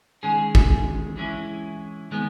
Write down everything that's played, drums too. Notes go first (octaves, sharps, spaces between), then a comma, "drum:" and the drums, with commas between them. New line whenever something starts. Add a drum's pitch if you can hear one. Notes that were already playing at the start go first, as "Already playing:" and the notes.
D#3 G#3 C#4 G#4
drum: kick
E3 G#3 C#4 E4
D#3 G#3 B3